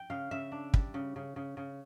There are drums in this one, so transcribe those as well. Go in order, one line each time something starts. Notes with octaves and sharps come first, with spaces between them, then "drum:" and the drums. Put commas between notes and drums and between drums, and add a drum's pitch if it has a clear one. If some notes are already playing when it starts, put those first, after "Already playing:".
Already playing: G5
C#3 F5
C#3 E5
D4
G3, drum: kick
C#3
C#3
C#3
C#3